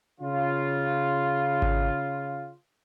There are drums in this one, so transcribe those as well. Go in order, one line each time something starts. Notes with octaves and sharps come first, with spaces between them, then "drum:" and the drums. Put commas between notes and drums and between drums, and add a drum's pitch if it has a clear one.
C#3 F4
drum: kick G#1